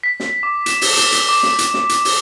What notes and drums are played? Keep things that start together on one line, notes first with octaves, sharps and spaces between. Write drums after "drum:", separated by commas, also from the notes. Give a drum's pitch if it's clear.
B6
drum: snare
D6
E7, drum: hi-hat
drum: open hi-hat
drum: hi-hat
drum: hi-hat
D6
drum: snare
drum: hi-hat
drum: snare
drum: hi-hat
drum: open hi-hat